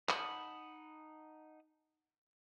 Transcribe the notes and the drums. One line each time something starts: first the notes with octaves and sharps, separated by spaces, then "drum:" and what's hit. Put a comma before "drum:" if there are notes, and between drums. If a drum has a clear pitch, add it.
D#4 F#5 A5 B5 D#6, drum: clap